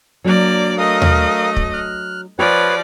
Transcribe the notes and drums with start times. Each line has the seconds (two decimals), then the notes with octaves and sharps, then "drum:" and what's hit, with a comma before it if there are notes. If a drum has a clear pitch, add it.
0.25 F#3 A#3 D4 D5
0.78 A3 A#4 D#5 F5 D#6
1.02 drum: tom D#2
1.56 drum: kick
1.73 F6 F#6
2.39 F3 G4 B4 C#5 D5